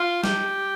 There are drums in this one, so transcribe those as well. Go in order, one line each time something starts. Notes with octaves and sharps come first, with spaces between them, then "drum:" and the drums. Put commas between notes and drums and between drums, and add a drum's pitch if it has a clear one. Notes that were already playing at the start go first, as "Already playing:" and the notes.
Already playing: F4
G4, drum: snare